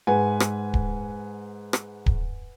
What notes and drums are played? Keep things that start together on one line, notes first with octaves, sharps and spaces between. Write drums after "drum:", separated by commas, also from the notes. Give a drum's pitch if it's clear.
G#2 B4 F#5 G#5
drum: rim click
drum: kick D1
drum: rim click
drum: kick D1